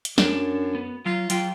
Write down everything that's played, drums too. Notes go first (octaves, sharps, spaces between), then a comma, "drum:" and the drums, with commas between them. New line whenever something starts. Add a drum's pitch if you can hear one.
drum: hi-hat
F#2 D4, drum: snare
B3
F#3 F4
F#3 F4 G5, drum: hi-hat